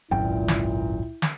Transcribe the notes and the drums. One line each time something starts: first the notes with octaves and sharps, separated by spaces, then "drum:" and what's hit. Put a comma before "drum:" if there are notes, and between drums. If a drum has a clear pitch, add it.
G#1 C#2 F#2 A#2 E4 G5
drum: snare
drum: snare